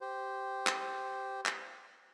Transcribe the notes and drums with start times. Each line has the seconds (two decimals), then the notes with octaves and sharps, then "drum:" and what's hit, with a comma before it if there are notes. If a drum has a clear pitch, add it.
0.01 G4 C5
0.67 drum: clap
1.46 drum: clap